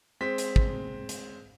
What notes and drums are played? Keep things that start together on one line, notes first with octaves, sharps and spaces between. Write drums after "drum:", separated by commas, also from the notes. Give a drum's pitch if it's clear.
G#3 C4 B6
drum: hi-hat
drum: kick
drum: hi-hat